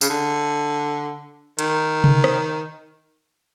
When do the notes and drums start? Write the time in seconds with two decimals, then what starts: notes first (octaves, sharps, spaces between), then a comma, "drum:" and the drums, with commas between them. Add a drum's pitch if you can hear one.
0.01 C#3, drum: tambourine
0.09 D3
1.59 D#3, drum: hi-hat
2.04 drum: tom C3
2.24 drum: rim click